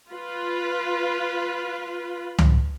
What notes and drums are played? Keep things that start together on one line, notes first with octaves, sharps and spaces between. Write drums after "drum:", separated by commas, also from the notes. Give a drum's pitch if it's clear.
F4 B4
drum: tom C#2